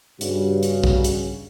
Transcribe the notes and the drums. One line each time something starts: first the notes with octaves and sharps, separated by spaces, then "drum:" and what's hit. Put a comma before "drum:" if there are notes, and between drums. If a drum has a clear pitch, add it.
G2 C#3 F#4, drum: hi-hat
drum: hi-hat
drum: kick A#1
drum: hi-hat